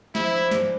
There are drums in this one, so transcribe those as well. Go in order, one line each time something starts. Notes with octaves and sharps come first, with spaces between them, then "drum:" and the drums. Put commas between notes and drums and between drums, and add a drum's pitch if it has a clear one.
F3 E4, drum: snare
D4
G#2, drum: snare